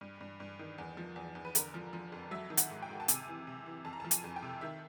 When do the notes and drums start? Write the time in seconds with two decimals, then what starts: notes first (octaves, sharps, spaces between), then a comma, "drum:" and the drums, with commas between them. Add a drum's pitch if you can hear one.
0.01 G2
0.21 G2
0.40 G2
0.59 D#3
0.78 E2
0.97 F3
1.16 E2
1.35 E2
1.45 B4
1.55 D3 A#4, drum: hi-hat
1.74 F3
1.93 F3
2.12 F2
2.31 F#3 E5
2.50 D#3
2.57 F#5, drum: hi-hat
2.70 G#2
2.82 G5
2.89 G#2
3.00 A5
3.08 C3 G#5, drum: hi-hat
3.28 E3
3.47 C3
3.66 E3
3.85 F2 A5
3.93 A#5
4.00 A5
4.04 F3
4.11 G#5, drum: hi-hat
4.24 F2
4.36 G5
4.43 C3
4.61 D#3 E5